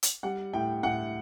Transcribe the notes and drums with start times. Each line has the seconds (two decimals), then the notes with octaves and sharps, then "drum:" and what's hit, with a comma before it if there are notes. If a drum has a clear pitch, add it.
0.03 drum: hi-hat
0.23 G3 F#5
0.53 A2 G5
0.83 A2 F#5